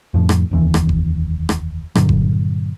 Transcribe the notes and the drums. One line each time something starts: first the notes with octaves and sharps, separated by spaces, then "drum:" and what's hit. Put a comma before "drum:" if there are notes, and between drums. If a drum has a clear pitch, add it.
F2 A2 F3
drum: rim click
F1 D#2 E3
drum: rim click
drum: kick F#1
drum: rim click
G2 A#2 D3 F#3, drum: rim click
drum: kick F#1